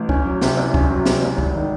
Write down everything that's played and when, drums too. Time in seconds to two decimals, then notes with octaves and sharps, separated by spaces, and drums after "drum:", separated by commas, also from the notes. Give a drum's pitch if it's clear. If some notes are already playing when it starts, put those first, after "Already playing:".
Already playing: A1
0.09 C#4, drum: kick
0.25 F#3
0.41 C3, drum: snare
0.57 C2
0.74 C#4, drum: kick
0.90 F#3
1.06 C3, drum: snare
1.22 C2
1.38 G#1, drum: kick
1.55 D#3